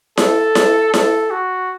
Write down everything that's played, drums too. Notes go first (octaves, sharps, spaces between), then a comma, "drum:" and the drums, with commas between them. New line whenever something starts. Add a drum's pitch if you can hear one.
A4, drum: snare E4
drum: snare E4
A4, drum: snare E4
F#4